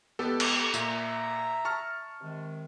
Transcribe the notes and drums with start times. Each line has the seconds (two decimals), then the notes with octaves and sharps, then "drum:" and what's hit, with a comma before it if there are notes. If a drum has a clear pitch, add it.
0.19 E2 G#3 B3 G4 A4 B4
0.40 drum: cymbal
0.74 A#2 E5 A#5, drum: tambourine
1.65 A5 C#6 F6
2.21 C3 D#3 G#3